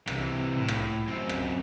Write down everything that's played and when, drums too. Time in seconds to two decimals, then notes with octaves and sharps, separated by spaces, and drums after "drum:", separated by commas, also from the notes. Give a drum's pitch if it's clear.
0.07 C3 E3, drum: rim click
0.58 A2
0.68 drum: rim click
1.08 F#2 C4
1.29 drum: rim click